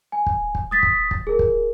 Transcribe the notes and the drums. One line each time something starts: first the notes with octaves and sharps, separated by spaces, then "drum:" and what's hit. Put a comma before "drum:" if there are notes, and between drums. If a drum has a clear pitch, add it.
G#5
drum: kick
drum: kick
D#6 A6 B6
drum: kick
drum: kick
G#4 A#4
drum: kick